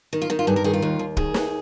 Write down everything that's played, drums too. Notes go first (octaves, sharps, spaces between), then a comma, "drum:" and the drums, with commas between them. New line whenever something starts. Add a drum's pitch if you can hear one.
D#3
F4
D#3 D#4
F4
G2 G#4
A#4
D#3 G#4
F4
D#2
D#2
D#3 G#4, drum: kick
D#2, drum: snare